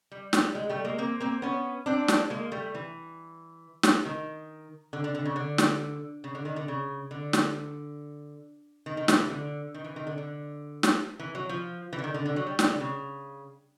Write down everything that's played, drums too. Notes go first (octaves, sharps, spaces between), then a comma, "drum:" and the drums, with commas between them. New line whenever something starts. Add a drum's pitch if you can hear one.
G3
G3, drum: snare
G#3
G3 A3
G#3 A#3
A#3 C4
A#3 C4
B3 C#4
C4 D4
drum: snare
G#3 A#3
G3 A3
E3
drum: snare
D#3
D3
D3
D3
C#3
D3
drum: snare
C#3
D3
D#3
D3
C#3
D3
drum: snare
D#3
D#3
E3, drum: snare
E3
D3
D#3
E3
D#3
D3
D3
drum: snare
E3
F#3
F3
E3
D3
D#3
D3
D3
F#3
G3
G3, drum: snare
D3
C#3